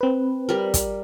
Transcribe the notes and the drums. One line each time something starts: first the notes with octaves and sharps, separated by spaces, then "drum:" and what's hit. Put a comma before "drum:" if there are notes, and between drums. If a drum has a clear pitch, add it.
C4 B4
G3 A#4
drum: kick, hi-hat